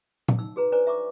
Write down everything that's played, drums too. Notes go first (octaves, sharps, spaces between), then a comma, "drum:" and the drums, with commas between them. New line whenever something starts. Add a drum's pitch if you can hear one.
drum: tom A#2
D#4 E6
F#4 G#4 B4 A#5
D4 B4 C5 D5 G#5 A#5
E5 A#5 C#6 D6